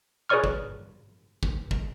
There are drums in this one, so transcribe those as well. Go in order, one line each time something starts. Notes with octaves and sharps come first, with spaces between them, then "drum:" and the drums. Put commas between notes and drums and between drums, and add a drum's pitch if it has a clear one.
G#4 B4 C#5 D5 C#6 F6
drum: kick
drum: kick
drum: kick